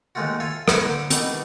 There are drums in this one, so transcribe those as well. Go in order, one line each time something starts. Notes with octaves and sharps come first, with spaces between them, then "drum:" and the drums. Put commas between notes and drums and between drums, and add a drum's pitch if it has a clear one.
D#2 D#3 G#3 A3 F4 F#4
F4 A4 E5 F5 G#5
A#3 A#4 B4 C#5 F#5, drum: rim click
D3 G4 G5
B2 D#3 E3 G3 A3, drum: hi-hat